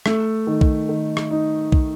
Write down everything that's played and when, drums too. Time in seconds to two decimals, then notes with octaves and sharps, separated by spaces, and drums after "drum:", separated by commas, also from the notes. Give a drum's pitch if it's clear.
0.06 A3, drum: rim click
0.47 D#3
0.61 drum: kick B1
0.89 D#3
1.17 drum: rim click
1.31 D#4
1.72 drum: kick B1